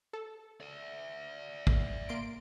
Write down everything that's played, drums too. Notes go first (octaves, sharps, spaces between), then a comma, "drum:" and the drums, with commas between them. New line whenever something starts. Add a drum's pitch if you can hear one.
A4
D5 E5
drum: kick
A#3 C6 D7